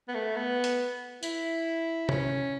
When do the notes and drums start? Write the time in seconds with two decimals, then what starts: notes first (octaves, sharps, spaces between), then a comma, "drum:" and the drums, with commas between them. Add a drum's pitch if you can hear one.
0.08 B3
0.14 A3
0.36 B3
0.64 drum: hi-hat
1.23 E4, drum: tambourine
2.09 C#4, drum: tom